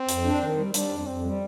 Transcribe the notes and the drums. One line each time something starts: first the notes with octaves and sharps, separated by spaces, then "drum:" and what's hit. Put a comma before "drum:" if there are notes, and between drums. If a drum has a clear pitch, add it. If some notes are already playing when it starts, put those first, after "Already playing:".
Already playing: C4
F2, drum: hi-hat
D4
D#3
G3
G3 D4, drum: hi-hat
F2
F2 C4
G3